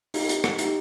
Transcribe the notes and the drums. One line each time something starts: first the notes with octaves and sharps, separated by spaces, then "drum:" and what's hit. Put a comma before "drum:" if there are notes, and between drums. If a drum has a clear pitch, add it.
D#4 G4, drum: open hi-hat
drum: hi-hat
drum: rim click
D#4 G4, drum: hi-hat